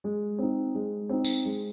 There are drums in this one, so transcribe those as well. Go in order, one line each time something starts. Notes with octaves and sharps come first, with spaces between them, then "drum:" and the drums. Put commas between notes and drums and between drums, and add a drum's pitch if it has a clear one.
G#3
C4 D#4
G#3
C4 D#4
drum: tambourine
G#3